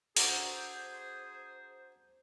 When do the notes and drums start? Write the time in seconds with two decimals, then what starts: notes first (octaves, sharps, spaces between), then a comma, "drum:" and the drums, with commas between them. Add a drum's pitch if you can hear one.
0.17 D4 F#4 G#4 A4 C5 A#5 D6, drum: open hi-hat